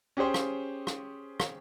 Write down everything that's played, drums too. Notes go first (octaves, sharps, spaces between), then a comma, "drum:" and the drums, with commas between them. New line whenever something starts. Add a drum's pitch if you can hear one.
C#4 G4 G#4 C5 G5
drum: rim click
drum: rim click
drum: rim click